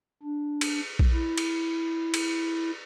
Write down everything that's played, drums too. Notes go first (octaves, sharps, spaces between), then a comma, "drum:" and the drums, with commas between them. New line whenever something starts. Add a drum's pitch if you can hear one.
D4
drum: cymbal
drum: kick A#1
E4
drum: cymbal
drum: cymbal